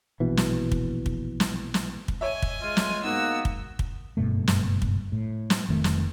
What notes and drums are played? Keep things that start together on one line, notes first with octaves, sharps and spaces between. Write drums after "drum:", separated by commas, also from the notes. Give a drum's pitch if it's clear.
A#1 B2 E3
drum: snare
drum: kick
drum: kick
drum: snare
drum: snare
drum: kick
C#5 D#5 E5 G#5
drum: kick
G#3 F4
drum: snare
G#2 A#3 B3 F#4 E6
drum: kick
drum: kick
F#1 G2 B2 A3
drum: snare
drum: kick
A2
drum: snare
F1 F2 D#3 A3
drum: snare